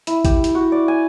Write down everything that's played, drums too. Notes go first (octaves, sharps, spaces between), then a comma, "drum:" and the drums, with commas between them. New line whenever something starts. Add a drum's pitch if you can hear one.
E4, drum: hi-hat
G4, drum: kick, hi-hat
drum: hi-hat
F#4
D5
G#5